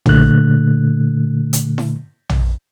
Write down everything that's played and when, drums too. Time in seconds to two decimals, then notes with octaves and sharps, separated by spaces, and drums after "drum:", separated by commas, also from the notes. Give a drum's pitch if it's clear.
0.06 A#2 D3 A3 F#6, drum: tom
1.53 drum: hi-hat
1.78 drum: snare E4
2.29 drum: tom